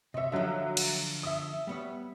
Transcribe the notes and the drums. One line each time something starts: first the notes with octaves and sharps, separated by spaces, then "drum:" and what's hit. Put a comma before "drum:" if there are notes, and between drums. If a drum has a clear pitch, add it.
C3 C#5 D#5 E5
D3 F3 F#3 E5
drum: cymbal
E5 D#6
G3 B3 C#5